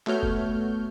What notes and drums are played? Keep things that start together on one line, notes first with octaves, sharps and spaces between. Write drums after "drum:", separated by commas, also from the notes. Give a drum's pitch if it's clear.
A3 B3 F#4 C#5 F6 G6, drum: clap
drum: kick